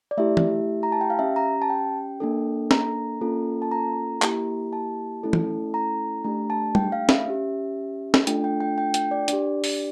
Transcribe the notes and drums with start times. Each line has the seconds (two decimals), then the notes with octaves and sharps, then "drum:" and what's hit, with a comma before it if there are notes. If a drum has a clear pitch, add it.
0.11 D5
0.17 A3 E4 G4 E5
0.37 drum: tom
0.83 A#5
0.92 A5
1.01 G5
1.10 F5
1.19 C#4 G4 E5
1.36 A#5
1.62 A5
1.70 G5
2.20 A#3 D4 A4
2.71 A#5, drum: snare
3.21 A#3 C#4 F4 A4
3.62 A5
3.71 A#5
4.22 A#3 E4 G4, drum: clap
4.73 A5
5.23 A3 C#4 E4 A4
5.33 drum: tom
5.74 A#5
6.24 A3 D4 G4 A#5
6.50 A5
6.75 G5, drum: tom G3
6.92 F5
7.09 E5, drum: snare
7.26 C#4 G4
8.14 drum: snare
8.27 A3 D4 F4 A4 G5, drum: hi-hat
8.44 G5
8.61 G5
8.78 G5
8.94 G5, drum: hi-hat
9.11 D5
9.28 D4 G4 D5, drum: hi-hat
9.64 drum: open hi-hat